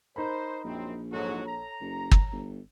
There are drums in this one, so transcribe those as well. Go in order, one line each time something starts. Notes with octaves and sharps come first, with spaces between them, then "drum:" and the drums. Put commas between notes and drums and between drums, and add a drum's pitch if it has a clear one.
D#4 A#4 C5 B5
A#1 F#2 C4
G#2 F#3 F#4 A4 C#5
A#5
F#1
drum: kick
G1